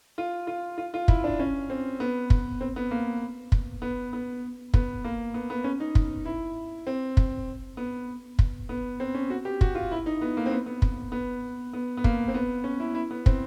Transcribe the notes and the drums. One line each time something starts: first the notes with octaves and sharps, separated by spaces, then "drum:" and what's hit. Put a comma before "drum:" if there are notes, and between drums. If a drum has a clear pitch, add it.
F4
F4
F4
F4
E4, drum: kick
D4
C#4
C4
B3
drum: kick
C4
B3
A#3
drum: kick
B3
B3
B3, drum: kick
A#3
B3
B3
C#4
D#4
drum: kick
E4
C4
drum: kick
B3
drum: kick
B3
C4
C#4
F#4
G4
F#4, drum: kick
F4
E4
D#4
B3
A#3
C4
B3
B3
drum: kick
B3
B3
B3
A#3, drum: kick
C4
B3
C#4
E4
E4
B3
C4, drum: kick